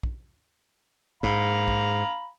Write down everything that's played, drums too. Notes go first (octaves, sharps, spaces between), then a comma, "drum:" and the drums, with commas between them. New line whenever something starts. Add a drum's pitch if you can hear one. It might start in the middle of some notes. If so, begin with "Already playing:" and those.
drum: kick
G#2 F5 A#5 B5, drum: kick
drum: kick